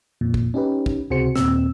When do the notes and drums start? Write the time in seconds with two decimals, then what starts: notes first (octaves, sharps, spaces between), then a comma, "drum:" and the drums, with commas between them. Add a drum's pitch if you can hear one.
0.21 F2 A#2
0.34 drum: kick
0.54 C#4 D#4 G4 B4
0.86 drum: kick
1.10 C#2 C3 F#4 G#4 C5 C#7
1.36 D#2 A#2 C4 E6, drum: snare